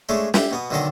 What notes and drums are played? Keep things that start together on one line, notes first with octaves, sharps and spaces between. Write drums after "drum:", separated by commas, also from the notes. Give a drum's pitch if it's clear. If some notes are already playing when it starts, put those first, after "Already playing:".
G#3 A3 C#4 D4 A4
G4 E5 C6, drum: snare
B2 B3 D#6
B1 D3 D#3 D4 A4 D#5